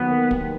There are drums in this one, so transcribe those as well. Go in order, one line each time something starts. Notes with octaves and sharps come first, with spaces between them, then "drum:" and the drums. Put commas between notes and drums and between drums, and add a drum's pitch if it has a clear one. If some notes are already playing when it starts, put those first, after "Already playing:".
Already playing: D#2 D#3 F#3 B3
A#3
D#3, drum: kick